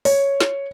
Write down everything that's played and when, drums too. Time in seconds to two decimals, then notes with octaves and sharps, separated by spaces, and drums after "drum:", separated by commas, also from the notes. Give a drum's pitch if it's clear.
0.05 C#5, drum: open hi-hat
0.40 drum: snare